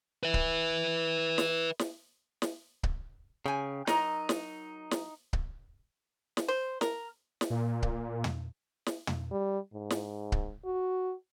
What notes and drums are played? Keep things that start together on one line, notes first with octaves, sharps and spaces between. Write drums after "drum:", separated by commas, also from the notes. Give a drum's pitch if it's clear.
B4 E5
drum: kick C#1
drum: snare
drum: snare
drum: snare
drum: kick C#1
C#3 G5 G#5
F#3 D#4 A#4 A#5, drum: snare
drum: snare
drum: snare
drum: kick C#1
drum: snare
C5
A#4, drum: snare
drum: snare
A#2
drum: kick C#1
drum: tom
drum: snare
drum: tom
G3
G#2
drum: snare
drum: kick C#1
F#4